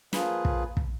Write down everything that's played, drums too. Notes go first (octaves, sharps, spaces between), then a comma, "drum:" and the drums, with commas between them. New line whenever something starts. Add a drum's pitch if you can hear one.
F3 A#3 F4 G#4 B4, drum: snare
drum: kick
drum: kick